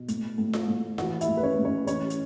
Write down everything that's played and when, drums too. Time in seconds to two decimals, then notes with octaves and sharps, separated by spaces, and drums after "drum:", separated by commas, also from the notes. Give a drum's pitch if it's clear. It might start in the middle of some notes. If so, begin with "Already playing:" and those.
Already playing: B2
0.08 A2, drum: hi-hat
0.38 A2
0.53 drum: snare F4
0.68 A2
0.98 E3 F#4 F#5, drum: snare F4
1.21 E4 E5, drum: hi-hat
1.28 A2
1.37 B4
1.43 C#4 C#5
1.58 A2
1.65 C#4 C#5
1.87 E3 C#4 C#5, drum: hi-hat
2.10 drum: hi-hat